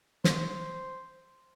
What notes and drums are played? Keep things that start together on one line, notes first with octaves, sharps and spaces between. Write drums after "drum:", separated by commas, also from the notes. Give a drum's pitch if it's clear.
C5, drum: snare